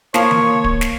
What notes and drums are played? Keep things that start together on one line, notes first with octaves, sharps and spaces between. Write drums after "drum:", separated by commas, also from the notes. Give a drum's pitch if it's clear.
F3 A#3 C#5, drum: snare
drum: tom D#3
drum: kick D1
drum: snare